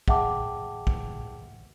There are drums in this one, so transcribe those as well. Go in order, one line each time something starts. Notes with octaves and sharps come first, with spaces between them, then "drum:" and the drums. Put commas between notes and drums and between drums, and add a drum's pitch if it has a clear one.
G#4 E5 F#5 G5 A5 D6, drum: kick
drum: kick